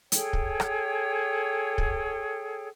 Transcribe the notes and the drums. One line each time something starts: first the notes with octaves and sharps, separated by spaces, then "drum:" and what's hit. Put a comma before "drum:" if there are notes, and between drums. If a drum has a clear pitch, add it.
G#4 A4 C#5 G5, drum: hi-hat
drum: kick
drum: rim click
drum: kick